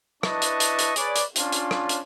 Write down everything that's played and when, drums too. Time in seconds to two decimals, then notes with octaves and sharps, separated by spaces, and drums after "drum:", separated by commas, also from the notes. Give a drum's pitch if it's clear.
0.23 D4 E4 B4 D#5 A5 C#6, drum: rim click
0.42 drum: hi-hat
0.60 drum: hi-hat
0.79 drum: hi-hat
0.96 G#4 B4 C#5 D5, drum: hi-hat
1.16 drum: hi-hat
1.36 C#4 D4 F4, drum: hi-hat
1.52 drum: hi-hat
1.71 drum: rim click
1.89 drum: hi-hat